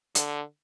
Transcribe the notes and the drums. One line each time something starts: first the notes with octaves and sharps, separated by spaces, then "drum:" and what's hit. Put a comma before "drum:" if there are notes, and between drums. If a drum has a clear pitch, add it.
D3, drum: hi-hat